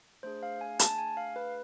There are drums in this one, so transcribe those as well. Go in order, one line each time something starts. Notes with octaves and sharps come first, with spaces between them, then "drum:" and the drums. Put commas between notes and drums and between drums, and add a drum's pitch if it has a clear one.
A3 D4 G#4 C5
F5
G#5
A5, drum: hi-hat
G#5
F5
B4